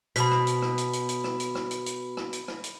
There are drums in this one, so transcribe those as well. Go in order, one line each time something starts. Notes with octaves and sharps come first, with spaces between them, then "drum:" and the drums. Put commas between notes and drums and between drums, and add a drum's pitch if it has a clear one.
B2 B5 B6, drum: hi-hat
drum: rim click
drum: hi-hat
drum: rim click
drum: hi-hat
drum: hi-hat
drum: hi-hat
drum: rim click
drum: hi-hat
drum: rim click
drum: hi-hat
drum: hi-hat
drum: rim click
drum: hi-hat
drum: rim click
drum: hi-hat